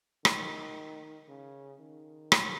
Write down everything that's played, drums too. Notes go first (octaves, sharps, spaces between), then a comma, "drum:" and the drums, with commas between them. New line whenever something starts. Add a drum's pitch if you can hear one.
D#3, drum: rim click
C#3
D#3
drum: rim click